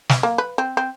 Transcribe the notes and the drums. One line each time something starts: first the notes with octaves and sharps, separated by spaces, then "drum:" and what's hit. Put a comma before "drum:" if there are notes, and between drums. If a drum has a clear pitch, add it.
drum: snare
A#3
B4
C4
C4